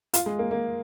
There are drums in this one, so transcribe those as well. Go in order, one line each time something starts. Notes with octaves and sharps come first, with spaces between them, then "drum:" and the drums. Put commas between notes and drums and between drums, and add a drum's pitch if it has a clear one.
F4, drum: hi-hat
G#3
A#3
A#3